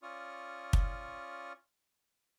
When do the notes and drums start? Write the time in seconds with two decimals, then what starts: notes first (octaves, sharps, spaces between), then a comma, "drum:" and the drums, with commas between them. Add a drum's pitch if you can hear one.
0.03 C#4 F4 D5 C#6 D#6 F6
0.73 drum: kick